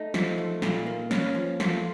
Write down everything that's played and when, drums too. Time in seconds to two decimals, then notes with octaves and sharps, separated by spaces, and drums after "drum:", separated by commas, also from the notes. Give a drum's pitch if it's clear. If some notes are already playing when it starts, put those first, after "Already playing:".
Already playing: A3 D#4
0.14 F3, drum: snare
0.38 A3
0.62 A#2, drum: snare
0.87 A#3
1.11 A#3 C#4, drum: snare
1.35 F3
1.60 A3 F4, drum: snare